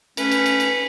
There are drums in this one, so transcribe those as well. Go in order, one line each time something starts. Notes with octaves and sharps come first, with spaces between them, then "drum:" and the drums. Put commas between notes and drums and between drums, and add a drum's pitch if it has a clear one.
A3 C#4 B4, drum: cymbal
drum: cymbal
drum: cymbal
drum: cymbal